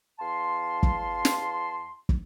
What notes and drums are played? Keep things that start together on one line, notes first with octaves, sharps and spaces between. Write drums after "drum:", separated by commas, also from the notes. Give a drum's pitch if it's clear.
E2 F5 A5 C6
drum: kick
drum: snare
drum: kick